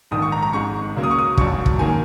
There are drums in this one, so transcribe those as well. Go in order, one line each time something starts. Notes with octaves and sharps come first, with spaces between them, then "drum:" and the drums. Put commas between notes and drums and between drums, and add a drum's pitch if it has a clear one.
A#1 G#2 D#3 D#6
C#6
A#5
A#5
G#1 G#2 G#3 C#6
C#2 C#3 F#3 A#3
D#6
C#6
D#6
A#1 G#2 F#3 C#6, drum: kick
drum: kick
D#3 F#3 A#3 G#5